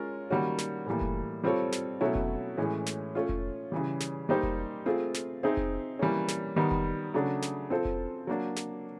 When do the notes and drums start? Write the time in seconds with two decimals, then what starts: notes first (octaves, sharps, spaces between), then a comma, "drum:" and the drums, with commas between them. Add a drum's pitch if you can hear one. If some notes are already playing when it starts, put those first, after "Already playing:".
Already playing: G#3 C#4 F4 A#4
0.30 D#3 G3 A#3 C#4 F#4
0.58 drum: snare
0.86 A2 E3 G3 A#3
1.01 drum: kick F1
1.44 G3 C4 F4 A4 C#5
1.72 drum: snare
2.01 B2 F#3 A3 C#4 E4
2.15 drum: kick F1
2.57 A2 E3 G#3 C#4
2.86 drum: snare
3.15 A3 C#4 F4
3.29 drum: kick F1
3.72 C#3 E3 G3
4.00 drum: snare
4.29 G3 A#3 D#4 G4 C5
4.43 drum: kick F1
4.86 A3 C4 F4 G#4
5.14 drum: snare
5.43 C4 D#4 G#4 C5 E5
5.57 drum: kick F1
5.99 E3 G3 A#3 C#4
6.28 drum: snare
6.56 D#3 G3 B3
6.71 drum: kick F1
7.14 C#3 F#3 A3 D4
7.42 drum: snare
7.70 C4 F4 A4 C5
7.85 drum: kick F1
8.27 F#3 A#3 D4
8.56 drum: snare